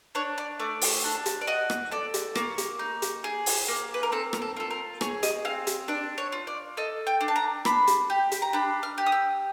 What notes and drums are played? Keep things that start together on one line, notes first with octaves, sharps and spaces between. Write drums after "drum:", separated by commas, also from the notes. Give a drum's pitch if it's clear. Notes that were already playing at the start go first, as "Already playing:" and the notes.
D4 C#5
D5
A3 D5
drum: open hi-hat
D4
drum: hi-hat
D5
F#4 D#5
drum: rim click
A4 D5
drum: hi-hat
A#3 C#5, drum: rim click
drum: hi-hat
D#4
drum: hi-hat
G#4
drum: open hi-hat
A#3
B4
A#4
C4 A4
A#4, drum: rim click
A4
F4 A4
A#4
G#4 C#5, drum: rim click
D#5, drum: hi-hat
C4 F5
drum: hi-hat
D4 D5
C#5
F4
D5
A4 D#5
G5
D4
A5
A#5
D4 B5, drum: rim click
drum: hi-hat
G4
drum: hi-hat
A#5
D4 B5
F6
G4
D#6
E6